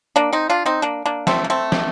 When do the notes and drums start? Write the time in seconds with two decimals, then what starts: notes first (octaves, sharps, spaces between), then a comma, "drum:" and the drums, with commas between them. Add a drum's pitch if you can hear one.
0.16 A#3 D4
0.33 C4 D#4
0.50 D4 F4
0.66 C4 D#4
0.82 A#3 D4
1.06 A#3 D4
1.27 A3 C4, drum: snare
1.44 A#3
1.50 A3 C4
1.72 drum: snare